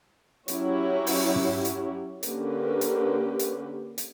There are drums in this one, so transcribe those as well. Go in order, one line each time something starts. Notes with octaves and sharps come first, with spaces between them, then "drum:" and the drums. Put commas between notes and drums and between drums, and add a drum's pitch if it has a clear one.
F#3 C#4 E4 G4 C#5, drum: hi-hat
drum: open hi-hat
drum: tom
drum: hi-hat
D3 A#3 C#4 G4 B4, drum: hi-hat
drum: hi-hat
drum: hi-hat
drum: hi-hat